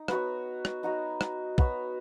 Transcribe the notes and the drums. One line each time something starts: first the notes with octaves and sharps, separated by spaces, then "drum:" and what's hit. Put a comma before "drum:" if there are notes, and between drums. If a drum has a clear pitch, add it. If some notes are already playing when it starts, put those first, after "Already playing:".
Already playing: D#4
B3 F#4 C#5, drum: rim click
drum: rim click
D#4 F#4 C#5
drum: rim click
B3 F#4 C#5, drum: kick